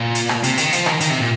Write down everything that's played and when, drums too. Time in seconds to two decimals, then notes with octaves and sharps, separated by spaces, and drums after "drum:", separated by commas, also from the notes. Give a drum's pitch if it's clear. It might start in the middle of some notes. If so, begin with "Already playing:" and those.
Already playing: A#2
0.15 drum: hi-hat
0.29 drum: rim click
0.44 C3, drum: hi-hat
0.58 D#3, drum: hi-hat
0.73 F3, drum: hi-hat
0.86 D#3, drum: rim click
1.00 D#3, drum: hi-hat
1.10 C3
1.20 A#2